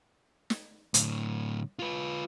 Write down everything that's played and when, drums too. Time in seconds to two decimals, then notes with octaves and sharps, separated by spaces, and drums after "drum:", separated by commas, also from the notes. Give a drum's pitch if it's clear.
0.50 drum: snare
0.94 A2 D3, drum: hi-hat
1.79 F4 B4